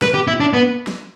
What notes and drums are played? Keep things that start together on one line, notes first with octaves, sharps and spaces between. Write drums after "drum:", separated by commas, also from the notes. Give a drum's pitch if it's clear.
B4, drum: snare
G4
E4
D4
B3
drum: snare